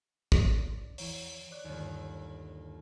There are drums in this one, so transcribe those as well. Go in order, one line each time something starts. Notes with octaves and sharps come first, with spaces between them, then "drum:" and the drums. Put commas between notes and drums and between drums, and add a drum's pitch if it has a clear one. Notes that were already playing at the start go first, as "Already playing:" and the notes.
D5, drum: kick
E2 E3 C#5, drum: open hi-hat
C#5 D5 F#6
G1 D#2